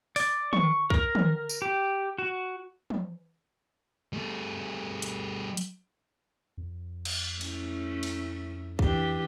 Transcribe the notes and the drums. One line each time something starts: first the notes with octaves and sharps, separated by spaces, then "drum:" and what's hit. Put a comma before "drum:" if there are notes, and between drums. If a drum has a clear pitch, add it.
D5, drum: open hi-hat
C#6, drum: tom
A#4, drum: kick B1
drum: tom
drum: tambourine
G4
F#4
drum: tom
G3 A3
drum: hi-hat
drum: hi-hat
F2
drum: cymbal
A3 C#4 E4, drum: cymbal
drum: cymbal
E3 D4 G4, drum: kick B1